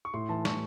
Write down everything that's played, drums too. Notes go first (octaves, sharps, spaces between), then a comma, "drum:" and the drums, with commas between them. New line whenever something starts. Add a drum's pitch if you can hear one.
C#6
A2 C6
E3 A5
A2 C#6, drum: snare